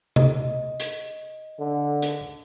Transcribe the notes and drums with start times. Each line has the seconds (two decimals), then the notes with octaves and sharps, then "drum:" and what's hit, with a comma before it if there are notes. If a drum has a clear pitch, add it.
0.16 D#5, drum: tom C3
0.80 drum: hi-hat
1.59 D3
2.02 drum: hi-hat